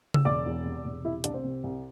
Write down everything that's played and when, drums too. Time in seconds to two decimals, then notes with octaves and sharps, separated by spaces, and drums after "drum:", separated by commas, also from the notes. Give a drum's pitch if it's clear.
0.14 E6, drum: tom C#3
0.25 E1 D5 D6
0.46 E2
0.65 C3
0.85 E1
1.04 C3 E4 E5
1.24 C2 D4 D5, drum: hi-hat
1.34 C4 C5
1.44 C3
1.64 C2